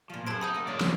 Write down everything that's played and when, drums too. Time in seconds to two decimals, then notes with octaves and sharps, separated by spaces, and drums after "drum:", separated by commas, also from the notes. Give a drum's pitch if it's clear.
0.10 A#2 F3 F4
0.27 F#2 G#4 B4 C5 A5 G#6 D7
0.41 F#2 A3 D#4 F#5 B5 D#6 G6
0.54 A#3 G#4
0.67 D3 G#3 D4 A#4 B4 C#5 D5
0.81 C#2 F#3, drum: snare